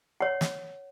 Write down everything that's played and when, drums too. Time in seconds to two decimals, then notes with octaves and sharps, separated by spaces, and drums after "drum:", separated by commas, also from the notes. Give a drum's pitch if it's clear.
0.21 C#5 F#5
0.41 drum: snare